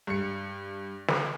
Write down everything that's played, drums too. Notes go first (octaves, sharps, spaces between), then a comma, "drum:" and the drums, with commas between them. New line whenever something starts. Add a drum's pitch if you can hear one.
G2 C#7
drum: snare